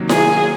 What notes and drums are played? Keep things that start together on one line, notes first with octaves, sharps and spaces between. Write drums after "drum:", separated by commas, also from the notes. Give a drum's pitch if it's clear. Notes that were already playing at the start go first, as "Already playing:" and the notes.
Already playing: C3 D#3 F#3 A#3
G#4, drum: snare E4